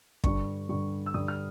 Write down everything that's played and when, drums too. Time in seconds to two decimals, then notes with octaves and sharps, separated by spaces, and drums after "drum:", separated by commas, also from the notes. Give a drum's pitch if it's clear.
0.24 G2 D3 G3 C#6, drum: kick
0.69 G2 D3 G3 C#6
1.06 E6
1.14 G2 D3 G3 D#6
1.28 F6